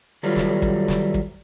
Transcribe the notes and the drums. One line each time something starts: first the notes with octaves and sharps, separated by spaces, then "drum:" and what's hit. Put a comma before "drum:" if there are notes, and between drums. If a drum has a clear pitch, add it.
D#3 F#3 G3 A3 F4 B4
drum: snare
drum: kick
drum: snare
drum: kick